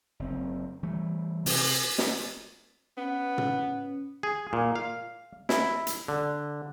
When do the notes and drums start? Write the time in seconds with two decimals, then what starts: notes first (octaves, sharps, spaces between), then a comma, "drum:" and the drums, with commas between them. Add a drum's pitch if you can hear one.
0.19 F#1 C4
0.83 E3 G3 A3
1.46 C3, drum: open hi-hat
1.98 drum: snare
2.98 B3 C#4
3.38 drum: tom
4.23 G#4
4.53 A#2
4.75 F5
5.49 E4, drum: snare
5.87 drum: hi-hat
6.08 D3